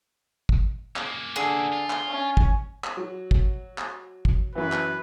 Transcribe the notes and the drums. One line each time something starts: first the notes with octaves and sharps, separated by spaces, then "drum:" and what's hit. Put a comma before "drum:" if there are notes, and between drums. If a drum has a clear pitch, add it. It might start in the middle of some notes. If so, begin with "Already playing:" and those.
drum: kick
A#3 C#4, drum: clap
D3 G#4
F4
drum: clap
C#4
drum: kick
drum: clap
F#3
drum: kick
drum: clap
drum: kick
F#2 E3 B4
drum: clap